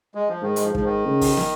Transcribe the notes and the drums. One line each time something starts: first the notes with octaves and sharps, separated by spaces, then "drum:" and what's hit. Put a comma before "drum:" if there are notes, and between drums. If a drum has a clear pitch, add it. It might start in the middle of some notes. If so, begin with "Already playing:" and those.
G#3
F3
G#2 D#3
G#3, drum: hi-hat
F3
G#2 F3, drum: kick
D#3
C#3
drum: kick, open hi-hat
drum: snare